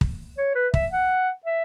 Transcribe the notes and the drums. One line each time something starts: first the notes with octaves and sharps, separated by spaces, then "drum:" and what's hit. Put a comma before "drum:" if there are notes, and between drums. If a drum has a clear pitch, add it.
drum: kick
C#5
B4
E5, drum: kick
F#5
E5